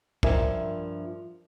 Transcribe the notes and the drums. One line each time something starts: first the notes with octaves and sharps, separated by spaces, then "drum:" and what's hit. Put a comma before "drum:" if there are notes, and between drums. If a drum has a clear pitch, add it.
G2 F3 A#4 E5 G#5, drum: kick